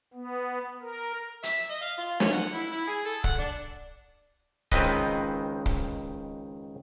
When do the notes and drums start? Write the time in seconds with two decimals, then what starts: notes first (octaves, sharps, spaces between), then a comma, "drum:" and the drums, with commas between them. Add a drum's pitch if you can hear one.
0.14 B3
0.81 A#4
1.43 E5, drum: hi-hat
1.70 D#5
1.82 F5
1.98 F4
2.20 C#4, drum: snare
2.33 F#5
2.54 E4
2.73 E4
2.87 G#4
3.05 A4
3.24 F#5, drum: kick
3.40 D4
4.72 C#2 D#3 C4 B4 D#5, drum: kick
5.66 drum: kick